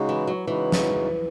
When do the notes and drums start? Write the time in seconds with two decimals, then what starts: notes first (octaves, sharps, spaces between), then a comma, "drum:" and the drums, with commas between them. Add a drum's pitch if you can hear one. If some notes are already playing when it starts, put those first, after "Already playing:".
Already playing: C#3 G#3 D#4 F#4
0.09 E3
0.27 F#3
0.47 C#3 E3 G#3 D#4 F#4
0.72 drum: snare